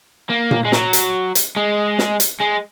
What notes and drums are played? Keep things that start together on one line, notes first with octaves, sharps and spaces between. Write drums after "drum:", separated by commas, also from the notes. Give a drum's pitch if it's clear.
A#3
drum: tom A#2
G#3
F#3, drum: snare
drum: hi-hat
drum: hi-hat
G#3
drum: snare
drum: hi-hat
G#3